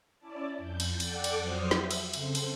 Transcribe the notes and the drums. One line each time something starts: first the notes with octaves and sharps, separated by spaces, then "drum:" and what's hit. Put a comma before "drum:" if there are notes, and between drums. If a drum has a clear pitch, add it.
C#4 E4 D5 A5
F2 G6
drum: cymbal
A4 D5 F#5 G5 D6, drum: cymbal
drum: cymbal
F2 F#3 C5 D#6 F6
E5, drum: snare
drum: cymbal
C#3 C4 A4 C5, drum: cymbal
drum: cymbal